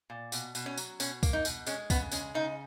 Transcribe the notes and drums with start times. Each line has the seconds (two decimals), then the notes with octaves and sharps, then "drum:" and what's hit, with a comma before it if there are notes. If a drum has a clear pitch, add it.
0.10 A#2
0.32 B2, drum: tambourine
0.55 B2, drum: tambourine
0.66 C#4
0.77 F#3, drum: tambourine
1.00 B2 C#4, drum: tambourine
1.23 A#3, drum: kick C2, tambourine
1.33 D#4
1.45 B2, drum: tambourine
1.66 G#3 C#4, drum: tambourine
1.90 C#3 B3, drum: kick C2, tambourine
2.12 G#3 C#4, drum: tambourine
2.34 C#3 D#4